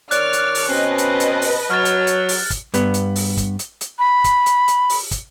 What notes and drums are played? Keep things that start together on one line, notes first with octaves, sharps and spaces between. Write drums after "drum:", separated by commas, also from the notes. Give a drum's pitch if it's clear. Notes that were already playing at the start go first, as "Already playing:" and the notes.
D#3 C#5 D5 F6 F#6, drum: hi-hat
drum: hi-hat
drum: open hi-hat
B2 C4 C#4 B4 D#5 A5
drum: hi-hat
drum: hi-hat
drum: open hi-hat
F#3 F6 A6
drum: hi-hat
drum: hi-hat
drum: open hi-hat
drum: kick, hi-hat
G2 B3, drum: hi-hat
drum: hi-hat
drum: open hi-hat
drum: kick, hi-hat
drum: hi-hat
drum: hi-hat
B5
drum: kick, hi-hat
drum: hi-hat
drum: hi-hat
drum: open hi-hat
drum: kick, hi-hat